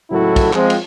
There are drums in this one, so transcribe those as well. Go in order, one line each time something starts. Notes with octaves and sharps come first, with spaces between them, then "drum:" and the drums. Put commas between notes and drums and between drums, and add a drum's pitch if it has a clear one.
C#2 A2 F#3 E4 F#4 A4
drum: kick, cymbal
F3 G#3 C4, drum: clap
drum: cymbal